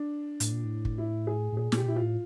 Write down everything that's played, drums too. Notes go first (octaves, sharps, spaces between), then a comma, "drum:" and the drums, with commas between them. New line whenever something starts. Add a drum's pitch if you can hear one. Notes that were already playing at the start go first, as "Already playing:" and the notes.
Already playing: D4
A2, drum: hi-hat
A#2
A2
drum: kick
E4
G#4
A2
A#2 G#4
A#2 G4, drum: snare
B2
A#2 E4
F4
A2